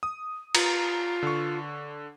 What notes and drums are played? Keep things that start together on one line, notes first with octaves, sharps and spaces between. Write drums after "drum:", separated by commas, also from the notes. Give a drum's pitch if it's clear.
D#6
F4 A#5, drum: cymbal
D3 C#6